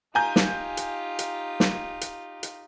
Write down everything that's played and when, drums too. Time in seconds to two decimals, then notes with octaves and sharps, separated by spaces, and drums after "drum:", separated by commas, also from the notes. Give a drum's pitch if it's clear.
0.15 D#4 F4 G4 G#5 A#5 G6
0.36 drum: snare
0.77 drum: hi-hat
1.19 drum: hi-hat
1.60 drum: snare
2.01 drum: hi-hat
2.43 drum: hi-hat